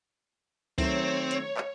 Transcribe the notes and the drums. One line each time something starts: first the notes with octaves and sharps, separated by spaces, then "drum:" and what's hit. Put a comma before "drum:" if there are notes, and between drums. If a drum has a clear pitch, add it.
D#3 F#3 A3 C4 C#5, drum: kick C#2, open hi-hat
drum: hi-hat
drum: clap